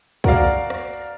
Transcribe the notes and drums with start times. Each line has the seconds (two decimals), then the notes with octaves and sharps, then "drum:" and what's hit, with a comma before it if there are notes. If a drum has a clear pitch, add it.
0.24 F#4 A#4 D5 F5, drum: kick
0.47 drum: hi-hat
0.70 drum: rim click
0.93 drum: hi-hat